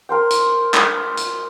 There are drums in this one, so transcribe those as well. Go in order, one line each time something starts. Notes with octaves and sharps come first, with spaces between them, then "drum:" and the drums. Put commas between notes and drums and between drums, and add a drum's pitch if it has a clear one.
A#4 C5 G5
drum: hi-hat
drum: clap
drum: hi-hat